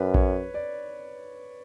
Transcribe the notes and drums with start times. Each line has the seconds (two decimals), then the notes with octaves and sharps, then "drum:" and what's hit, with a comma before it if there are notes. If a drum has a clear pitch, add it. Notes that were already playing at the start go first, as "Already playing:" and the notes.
Already playing: F#2 B4
0.14 C#5, drum: kick A#1
0.54 D5